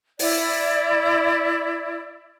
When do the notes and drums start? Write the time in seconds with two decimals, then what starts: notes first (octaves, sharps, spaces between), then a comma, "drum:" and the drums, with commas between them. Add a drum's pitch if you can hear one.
0.19 E4 D5, drum: open hi-hat